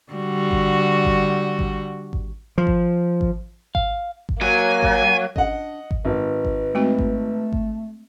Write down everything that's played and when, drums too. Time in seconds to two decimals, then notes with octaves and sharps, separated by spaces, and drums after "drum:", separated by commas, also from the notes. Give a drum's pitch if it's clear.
0.13 D3 G3 F#4
0.51 drum: kick G#1
1.05 drum: kick G#1
1.59 drum: kick G#1
2.13 drum: kick G#1
2.58 F3
2.67 drum: kick G#1
3.21 drum: kick G#1
3.75 F5, drum: kick G#1
4.29 drum: kick G#1
4.42 F#3 A#3 G#5
4.83 drum: kick G#1
5.36 D4 D#5 F#5, drum: kick G#1
5.91 drum: kick G#1
6.05 G#1 B4
6.45 drum: kick G#1
6.75 G#3 A3 C4 F#4
6.99 drum: kick G#1
7.53 drum: kick G#1